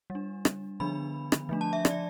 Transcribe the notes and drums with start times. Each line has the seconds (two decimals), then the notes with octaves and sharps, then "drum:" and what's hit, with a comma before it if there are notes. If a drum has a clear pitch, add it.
0.10 G3
0.15 D4
0.45 drum: rim click
0.80 D3 F3 B3 D4 B5
1.32 drum: rim click
1.49 F3 A3 D4
1.61 A5
1.73 E5
1.85 D5, drum: rim click